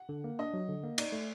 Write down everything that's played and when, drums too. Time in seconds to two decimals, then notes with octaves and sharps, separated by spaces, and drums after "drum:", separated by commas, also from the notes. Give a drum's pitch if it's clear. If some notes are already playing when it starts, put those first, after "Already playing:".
Already playing: F#5
0.09 D3
0.24 A#3
0.39 D4 D#5
0.54 F#3
0.69 D3
0.83 A#3
0.98 D#4 D5, drum: cymbal
1.12 A3